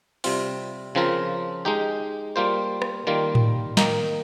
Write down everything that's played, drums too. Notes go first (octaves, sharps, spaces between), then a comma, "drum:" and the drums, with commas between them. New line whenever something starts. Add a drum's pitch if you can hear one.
C3 G3 C4 F4, drum: open hi-hat
C#3 F3 C4 F4 A#4
G#3 D#4 G4
G3 A#3 F4 C5
drum: rim click
D#3 G3 A#3 F4
drum: tom A2
D#3 A#3 D#4, drum: snare